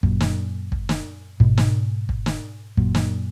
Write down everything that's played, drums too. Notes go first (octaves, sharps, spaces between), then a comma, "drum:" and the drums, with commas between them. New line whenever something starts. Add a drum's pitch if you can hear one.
F#2 A#2, drum: kick
drum: snare
drum: kick
drum: snare
G#2 B2, drum: kick
drum: snare
drum: kick
drum: snare
F#2 A#2, drum: kick
drum: snare